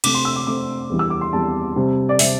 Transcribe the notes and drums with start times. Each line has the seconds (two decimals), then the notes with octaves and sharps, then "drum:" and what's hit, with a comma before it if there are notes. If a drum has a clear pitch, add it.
0.04 C3 A3 C4 D6, drum: cymbal
0.14 C6
0.25 E6
0.36 D6
0.47 C3 A3 C4 D6
0.90 E2 E3 G3
0.99 E6
1.10 D6
1.21 C6
1.33 E2 E3 G3 A5
1.76 C3 G3 C4
2.09 D5
2.19 C3 G3 C4 E5, drum: open hi-hat